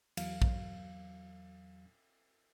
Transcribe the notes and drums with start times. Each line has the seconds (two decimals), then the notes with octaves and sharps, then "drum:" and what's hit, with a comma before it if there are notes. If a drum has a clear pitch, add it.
0.17 E2 F#3 F5, drum: cymbal
0.42 drum: kick